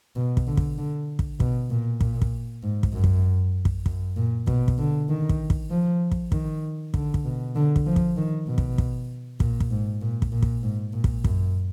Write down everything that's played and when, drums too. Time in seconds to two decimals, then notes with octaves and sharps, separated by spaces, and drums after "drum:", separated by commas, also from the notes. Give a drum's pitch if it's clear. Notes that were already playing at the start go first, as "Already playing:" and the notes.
0.16 B2
0.37 drum: kick
0.47 D3
0.57 drum: kick
0.78 D3
1.19 drum: kick
1.40 B2, drum: kick
1.70 A#2
2.01 A#2, drum: kick
2.22 drum: kick
2.63 G#2
2.83 drum: kick
2.93 F#2
3.04 drum: kick
3.65 drum: kick
3.86 F#2, drum: kick
4.17 A#2
4.47 B2, drum: kick
4.68 drum: kick
4.78 D3
5.09 D#3
5.29 drum: kick
5.50 drum: kick
5.70 F3
6.12 drum: kick
6.32 D#3, drum: kick
6.94 D3, drum: kick
7.14 drum: kick
7.25 B2
7.55 D3
7.76 drum: kick
7.86 F3
7.96 drum: kick
8.17 D#3
8.48 B2
8.58 drum: kick
8.78 drum: kick
9.40 A#2, drum: kick
9.60 drum: kick
9.71 G#2
10.01 A#2
10.22 drum: kick
10.32 A#2
10.42 drum: kick
10.63 G#2
10.93 A#2
11.04 drum: kick
11.24 F#2, drum: kick